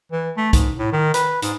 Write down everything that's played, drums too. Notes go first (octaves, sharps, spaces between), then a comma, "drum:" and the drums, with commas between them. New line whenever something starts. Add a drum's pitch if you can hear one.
E3
A3
G#2, drum: kick, hi-hat
A2
D#3
B4, drum: hi-hat
G#2, drum: hi-hat